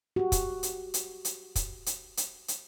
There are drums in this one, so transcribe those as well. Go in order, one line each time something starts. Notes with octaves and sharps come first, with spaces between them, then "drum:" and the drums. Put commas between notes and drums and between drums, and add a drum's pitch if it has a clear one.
F#4 G4
drum: kick, hi-hat
drum: hi-hat
drum: hi-hat
drum: hi-hat
drum: kick, hi-hat
drum: hi-hat
drum: hi-hat
drum: hi-hat